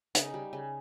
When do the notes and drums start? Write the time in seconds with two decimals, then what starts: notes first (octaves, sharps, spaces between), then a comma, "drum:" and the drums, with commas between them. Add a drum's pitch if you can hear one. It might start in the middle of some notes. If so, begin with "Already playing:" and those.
0.15 C#3 D#4, drum: hi-hat
0.34 G3
0.53 C#3